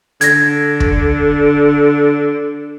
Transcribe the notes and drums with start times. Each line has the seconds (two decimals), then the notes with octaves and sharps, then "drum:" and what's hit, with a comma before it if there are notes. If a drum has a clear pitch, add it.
0.21 D3 G#6 A#6, drum: hi-hat
0.80 drum: kick